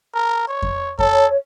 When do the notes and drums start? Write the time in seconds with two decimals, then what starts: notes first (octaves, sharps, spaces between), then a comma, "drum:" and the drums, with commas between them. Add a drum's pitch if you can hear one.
0.14 A#4
0.48 C#5
0.62 drum: kick F2
0.99 A4 C#5, drum: kick F2